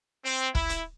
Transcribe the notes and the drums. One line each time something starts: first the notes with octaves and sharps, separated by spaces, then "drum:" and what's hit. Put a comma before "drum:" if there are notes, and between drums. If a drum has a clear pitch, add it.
C4
E4, drum: kick
drum: hi-hat